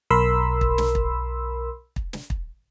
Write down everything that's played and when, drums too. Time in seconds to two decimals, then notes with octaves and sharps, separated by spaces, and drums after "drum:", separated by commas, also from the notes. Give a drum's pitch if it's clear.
0.10 B1 A#4 B5 C6 E6
0.61 drum: kick
0.78 drum: snare
0.95 drum: kick
1.96 drum: kick
2.13 drum: snare
2.30 drum: kick